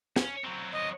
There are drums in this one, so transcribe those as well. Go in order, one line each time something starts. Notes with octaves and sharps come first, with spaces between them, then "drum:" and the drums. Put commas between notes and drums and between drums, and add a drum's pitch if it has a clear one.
C#4, drum: snare
F#3 C4
D#5